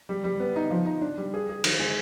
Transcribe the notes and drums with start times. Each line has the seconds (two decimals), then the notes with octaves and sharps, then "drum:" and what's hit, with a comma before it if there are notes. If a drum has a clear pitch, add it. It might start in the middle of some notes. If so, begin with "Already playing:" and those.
0.09 G3
0.24 G3
0.40 B3
0.56 D#4
0.70 F3
0.86 D#4
1.01 D4
1.17 G3
1.34 G#4
1.49 G#4
1.64 D#3, drum: cymbal
1.79 G#3